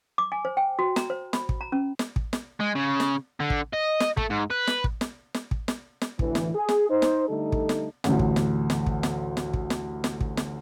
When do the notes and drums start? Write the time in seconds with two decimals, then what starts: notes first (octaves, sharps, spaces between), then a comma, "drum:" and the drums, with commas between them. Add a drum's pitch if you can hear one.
0.18 D6
0.32 G#5
0.45 C5
0.57 G5
0.79 F#4
0.96 A#5, drum: snare
1.10 C5
1.33 B5, drum: snare
1.49 drum: kick
1.61 A#5
1.72 C#4
1.99 drum: snare
2.16 drum: kick
2.33 drum: snare
2.60 G#3
2.76 C#3
3.00 drum: snare
3.40 D3
3.50 drum: kick
3.73 D#5
4.00 drum: snare
4.17 A3, drum: kick
4.30 G#2
4.51 B4
4.67 drum: snare
4.84 drum: kick
5.01 drum: snare
5.34 drum: snare
5.51 drum: kick
5.68 drum: snare
6.02 drum: snare
6.19 D2 A2 E3, drum: kick
6.35 drum: snare
6.54 G#4
6.69 drum: snare
6.89 D#4 C5
7.02 drum: snare
7.28 D3 G3 A3 D#4 A4
7.52 drum: kick
7.69 drum: snare
8.04 A1 D2, drum: snare
8.19 drum: kick
8.36 drum: snare
8.70 drum: snare
8.86 drum: kick
9.03 drum: snare
9.37 drum: snare
9.54 drum: kick
9.70 drum: snare
10.04 drum: snare
10.21 drum: kick
10.37 drum: snare